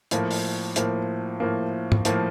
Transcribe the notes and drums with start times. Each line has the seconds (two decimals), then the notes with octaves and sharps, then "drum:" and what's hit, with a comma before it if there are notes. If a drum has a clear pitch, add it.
0.11 A2 F3 A#3, drum: hi-hat
0.31 drum: open hi-hat
0.76 A2 F3 A#3, drum: hi-hat
1.40 A2 F3 A#3
1.92 drum: tom
2.05 A2 F3 A#3, drum: hi-hat